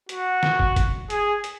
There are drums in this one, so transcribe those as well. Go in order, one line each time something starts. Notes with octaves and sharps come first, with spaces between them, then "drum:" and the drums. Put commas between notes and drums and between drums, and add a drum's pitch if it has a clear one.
F#4, drum: hi-hat
drum: snare
drum: kick
drum: kick, hi-hat
G#4, drum: hi-hat
drum: hi-hat